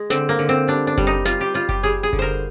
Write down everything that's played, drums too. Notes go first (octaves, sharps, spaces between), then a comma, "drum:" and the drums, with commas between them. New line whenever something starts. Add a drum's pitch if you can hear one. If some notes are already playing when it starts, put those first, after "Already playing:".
Already playing: G#3
D3 C4, drum: snare
A#3
D3
C4
G3 D4
D4
G3, drum: kick F#1
D#4
G3 F4, drum: snare
G4
G3 F4
G4, drum: kick F#1
G3 G#4
G#4
D3, drum: kick F#1
A#4 C5